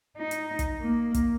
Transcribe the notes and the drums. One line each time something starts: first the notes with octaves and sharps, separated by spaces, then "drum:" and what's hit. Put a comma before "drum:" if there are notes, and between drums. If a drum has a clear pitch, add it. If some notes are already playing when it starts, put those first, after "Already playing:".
D#4
drum: hi-hat
drum: kick, hi-hat
A#3
drum: kick, hi-hat